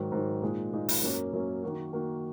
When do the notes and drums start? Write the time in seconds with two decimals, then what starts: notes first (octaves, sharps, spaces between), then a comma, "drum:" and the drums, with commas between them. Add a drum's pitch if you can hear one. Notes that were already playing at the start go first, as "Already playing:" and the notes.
Already playing: G#2 D#3 F#3
0.12 G#2 D#3 F#3
0.42 A#2 G#3 D#4
0.73 A#2 G#3 D#4
0.89 drum: open hi-hat
1.03 F#2 F#3 A#3 C#4
1.33 F#2 F#3 A#3 C#4
1.63 D#3 A#3 F#4
1.93 D#3 A#3 F#4